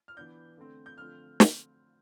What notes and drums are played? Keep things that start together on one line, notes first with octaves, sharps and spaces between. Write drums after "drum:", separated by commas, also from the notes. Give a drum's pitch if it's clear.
F6
E3 B3 D4 G6
D3 A3 C4
G6
D3 F3 A3 C4 F6
drum: snare